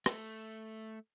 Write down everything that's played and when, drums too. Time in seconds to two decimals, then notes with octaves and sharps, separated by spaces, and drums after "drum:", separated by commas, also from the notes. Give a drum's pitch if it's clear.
0.06 A3, drum: rim click